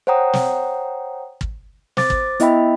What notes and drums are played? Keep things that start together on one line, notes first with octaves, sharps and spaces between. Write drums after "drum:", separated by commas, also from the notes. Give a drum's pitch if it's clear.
C5 C#5 F#5 G5 A#5 D#6
drum: snare
drum: kick
C5 D6 A6, drum: snare
drum: kick
B3 E4 D#5 E5 G5 B5, drum: hi-hat